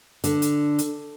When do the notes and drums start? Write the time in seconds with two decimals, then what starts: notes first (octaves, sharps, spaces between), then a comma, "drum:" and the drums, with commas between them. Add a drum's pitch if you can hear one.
0.24 D3, drum: hi-hat
0.42 drum: hi-hat
0.79 drum: hi-hat